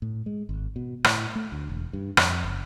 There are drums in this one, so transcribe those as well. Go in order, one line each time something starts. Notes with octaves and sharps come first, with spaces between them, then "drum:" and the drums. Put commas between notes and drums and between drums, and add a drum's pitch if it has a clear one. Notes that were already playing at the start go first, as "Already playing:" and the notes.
A2
G#3
G#1
B2
A2, drum: rim click
A3
D2
E1
G2
F2, drum: rim click
F#1